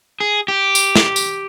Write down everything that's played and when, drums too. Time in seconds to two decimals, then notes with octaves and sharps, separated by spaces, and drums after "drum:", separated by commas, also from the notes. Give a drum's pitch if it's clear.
0.20 G#4
0.48 G4
0.75 drum: tambourine
0.96 drum: snare
1.16 drum: tambourine